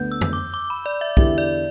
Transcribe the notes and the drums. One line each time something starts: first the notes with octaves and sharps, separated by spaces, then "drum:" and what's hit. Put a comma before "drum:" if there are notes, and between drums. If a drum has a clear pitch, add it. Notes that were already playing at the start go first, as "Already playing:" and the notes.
Already playing: D2 D3 B3 G6
E6
drum: tom F2
D6
D6
B5
D5
E5
E2 D3 B3 E4 G4 E5, drum: kick
D5